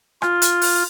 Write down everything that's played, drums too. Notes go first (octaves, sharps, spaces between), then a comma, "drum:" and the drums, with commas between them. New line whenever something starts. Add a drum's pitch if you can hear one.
F4, drum: rim click
drum: hi-hat
drum: open hi-hat